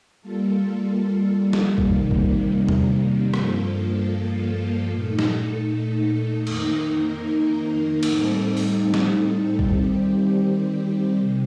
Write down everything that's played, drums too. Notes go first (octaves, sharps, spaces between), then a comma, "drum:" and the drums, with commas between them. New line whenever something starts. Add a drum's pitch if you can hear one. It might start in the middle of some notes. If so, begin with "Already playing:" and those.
G3 A#3 F4 A4
drum: snare
F2 C3 D#3 G3 A#3, drum: kick
drum: kick
drum: tom E2
G2 F3 A#3 F4 A4, drum: rim click
A#2 A3 D#4 A4
drum: snare
F2 D#3 A#3 D#4 A#4, drum: cymbal
A2 G3 C4 D#4 A4, drum: cymbal
drum: open hi-hat
drum: snare
D#3 G3 C4 G4, drum: kick
C3